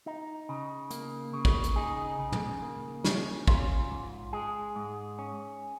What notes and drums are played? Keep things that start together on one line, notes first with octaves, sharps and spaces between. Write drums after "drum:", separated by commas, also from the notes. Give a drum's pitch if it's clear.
D#4
C#3
A#3, drum: hi-hat
C#3
drum: kick
drum: hi-hat
D#4 G#4
C#3
drum: tom
A#3
C#3, drum: snare
C#4 F4, drum: kick
G#2
G#3 G#4
G#2
C#4